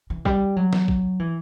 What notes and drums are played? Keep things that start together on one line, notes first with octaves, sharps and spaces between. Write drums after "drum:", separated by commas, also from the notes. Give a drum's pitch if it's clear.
E3
G3, drum: kick
F#3
drum: snare
drum: kick
E3